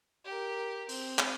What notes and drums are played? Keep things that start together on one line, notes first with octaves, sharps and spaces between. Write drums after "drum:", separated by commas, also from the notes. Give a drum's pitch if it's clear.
G4 A#4
C4, drum: open hi-hat
drum: clap